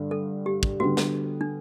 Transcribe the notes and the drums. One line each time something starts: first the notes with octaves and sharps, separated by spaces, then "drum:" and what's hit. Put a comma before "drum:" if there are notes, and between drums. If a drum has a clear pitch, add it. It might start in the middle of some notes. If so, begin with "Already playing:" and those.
Already playing: G2 D3
A4
G4
drum: kick
D3 G3 B3 F#4
drum: snare
D4